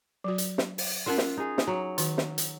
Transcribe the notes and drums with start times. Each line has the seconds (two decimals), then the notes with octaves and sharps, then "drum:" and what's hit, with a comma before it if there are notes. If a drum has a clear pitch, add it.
0.24 F#3 F#4
0.38 drum: hi-hat
0.58 drum: snare
0.78 drum: open hi-hat
1.06 C#4 F4 A#4 E5 F#5 C6
1.18 drum: snare
1.37 D#4 G#4
1.58 drum: snare
1.68 F#3 A#5
1.98 D#3 F#4, drum: hi-hat
2.18 drum: snare
2.38 drum: hi-hat